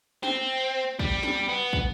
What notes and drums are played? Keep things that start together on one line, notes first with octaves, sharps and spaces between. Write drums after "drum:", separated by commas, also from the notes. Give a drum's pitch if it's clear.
C4, drum: snare
G3, drum: kick
drum: snare
B3
drum: kick